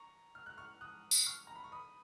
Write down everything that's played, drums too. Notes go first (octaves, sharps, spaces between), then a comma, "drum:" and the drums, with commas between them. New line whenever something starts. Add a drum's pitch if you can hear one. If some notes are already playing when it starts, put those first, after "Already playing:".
Already playing: A#5 C#6
F6
F#6
C#6 F6
D#6 F#6
drum: tambourine
C#6 F6
A#5
B5
C#6
B5 D#6